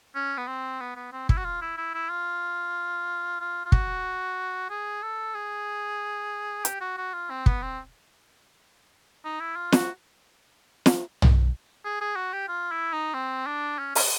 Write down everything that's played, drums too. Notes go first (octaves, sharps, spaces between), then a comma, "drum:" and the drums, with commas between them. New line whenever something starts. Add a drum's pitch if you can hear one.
C#4
B3
C4
B3
B3
C4
E4, drum: kick
F#4
F4
E4
E4
E4
F4
F4
F4
F#4, drum: kick
G#4
A4
G#4
G4, drum: hi-hat
F#4
F#4
F4
C4
B3, drum: kick
C4
D#4
E4
F4
F#4, drum: snare
drum: snare
drum: tom
G#4
G#4
F#4
G4
F4
E4
D#4
C4
D4
C#4
C#4, drum: open hi-hat